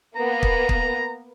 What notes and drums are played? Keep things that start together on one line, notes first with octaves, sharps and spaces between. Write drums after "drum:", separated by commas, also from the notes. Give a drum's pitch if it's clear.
A#3 B3 A#5
drum: kick
drum: kick